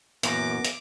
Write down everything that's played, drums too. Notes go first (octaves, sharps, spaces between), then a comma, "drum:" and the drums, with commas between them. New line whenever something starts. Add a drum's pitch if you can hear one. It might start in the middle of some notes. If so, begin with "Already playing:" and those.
F#2 A#2 E3 A#3 B3 D6 A#6, drum: hi-hat
drum: hi-hat